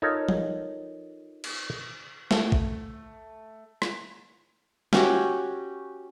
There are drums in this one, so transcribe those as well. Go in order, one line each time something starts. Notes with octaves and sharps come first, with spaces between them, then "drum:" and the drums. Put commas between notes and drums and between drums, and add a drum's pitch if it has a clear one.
D#4 F4 A4 A#4 C#5 F5
drum: tom F3
drum: cymbal
A3, drum: snare
drum: kick
drum: rim click
C#4 F#4 G4, drum: snare